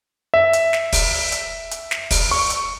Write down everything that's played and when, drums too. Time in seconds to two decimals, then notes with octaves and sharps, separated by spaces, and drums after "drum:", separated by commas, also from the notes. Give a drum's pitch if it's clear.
0.34 E5
0.53 drum: hi-hat
0.73 drum: snare
0.93 drum: kick, open hi-hat
1.32 drum: hi-hat
1.71 drum: hi-hat
1.91 drum: snare
2.11 drum: kick, open hi-hat
2.31 C#6
2.50 drum: hi-hat